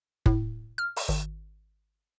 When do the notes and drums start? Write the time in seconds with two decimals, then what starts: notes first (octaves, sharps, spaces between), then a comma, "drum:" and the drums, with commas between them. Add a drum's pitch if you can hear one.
0.26 A2, drum: kick
0.78 F6
0.96 drum: open hi-hat
1.09 G#1